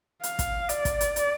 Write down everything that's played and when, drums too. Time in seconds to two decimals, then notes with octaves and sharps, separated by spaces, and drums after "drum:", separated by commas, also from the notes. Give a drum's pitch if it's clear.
0.23 F5, drum: hi-hat
0.39 drum: kick, hi-hat
0.69 D5, drum: hi-hat
0.85 drum: kick, hi-hat
1.01 drum: hi-hat
1.16 drum: hi-hat